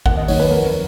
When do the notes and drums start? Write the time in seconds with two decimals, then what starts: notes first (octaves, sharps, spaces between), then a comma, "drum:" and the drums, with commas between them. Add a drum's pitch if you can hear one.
0.06 D#2 F#5, drum: kick
0.17 D#5
0.28 D#3 F#3 C#5, drum: open hi-hat
0.40 B4
0.51 F2 A#4